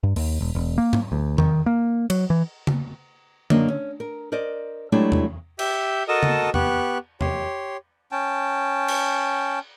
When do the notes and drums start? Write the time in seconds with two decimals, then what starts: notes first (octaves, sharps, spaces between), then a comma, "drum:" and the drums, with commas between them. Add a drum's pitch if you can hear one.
0.03 G2
0.16 D#2, drum: open hi-hat
0.41 E1
0.55 E1
0.78 A#3
0.93 drum: tom G#2
1.12 D2
1.38 D#3, drum: tom E2
1.66 A#3
2.10 F#3, drum: cymbal
2.30 E3
2.67 drum: tom C#3
3.50 F#2 A#3 D4 D#5, drum: tom D3
3.68 C#4
4.00 A#4
4.32 A#4 C5 D5 D#5
4.92 F#3 G#3 A3 D4 E4 G4
5.12 drum: tom E2
5.59 G4 E5 G6, drum: cymbal
6.08 F#4 A4 A#4 D#5 A5 D#6
6.23 drum: tom C#3
6.54 B3 G4 C#6 F#6, drum: tom E2
7.21 G4 C#5 C6, drum: tom E2
8.12 C#4 G5 A5
8.88 drum: cymbal